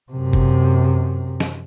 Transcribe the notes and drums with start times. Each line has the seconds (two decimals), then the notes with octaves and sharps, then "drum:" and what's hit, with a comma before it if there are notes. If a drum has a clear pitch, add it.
0.12 F#2 C3
0.33 drum: kick G1
1.40 drum: snare